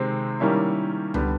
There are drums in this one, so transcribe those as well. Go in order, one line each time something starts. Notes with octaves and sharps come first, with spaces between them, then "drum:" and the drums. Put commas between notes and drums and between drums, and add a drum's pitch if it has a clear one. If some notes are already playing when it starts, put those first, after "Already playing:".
Already playing: C3 D#3 G#3 C4
D#3 G3 A#3 C#4 E4
D3 G3 B3, drum: tom C#2